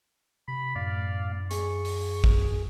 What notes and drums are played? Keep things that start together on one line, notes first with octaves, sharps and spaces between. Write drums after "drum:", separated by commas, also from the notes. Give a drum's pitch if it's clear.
C3 B5
F#2 A2 D5 F5
G#4 C#6, drum: hi-hat
drum: open hi-hat
drum: kick